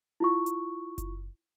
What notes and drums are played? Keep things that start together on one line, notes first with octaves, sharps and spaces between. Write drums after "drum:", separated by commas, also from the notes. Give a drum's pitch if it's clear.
E4 F4 C#6
drum: hi-hat
drum: kick F#1, hi-hat